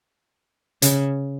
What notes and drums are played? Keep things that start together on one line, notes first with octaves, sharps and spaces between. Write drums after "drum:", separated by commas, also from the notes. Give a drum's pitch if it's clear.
C#3, drum: hi-hat